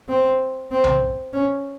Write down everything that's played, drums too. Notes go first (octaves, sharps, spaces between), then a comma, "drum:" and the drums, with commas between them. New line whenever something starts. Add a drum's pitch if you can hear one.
C4
C4
drum: tom B1
C#4